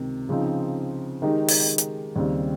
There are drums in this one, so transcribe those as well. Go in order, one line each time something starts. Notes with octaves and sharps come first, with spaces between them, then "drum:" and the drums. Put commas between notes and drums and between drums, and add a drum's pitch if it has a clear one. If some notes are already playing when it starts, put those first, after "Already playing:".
Already playing: C#2 C3 D#3
C#3 F3 C4 D#4
D#3 G#3 D#4 G4
drum: open hi-hat
drum: hi-hat
D#2 C#3 G3 C4